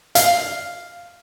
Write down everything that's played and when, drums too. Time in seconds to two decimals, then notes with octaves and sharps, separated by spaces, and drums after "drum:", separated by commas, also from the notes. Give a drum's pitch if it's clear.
0.15 F5, drum: hi-hat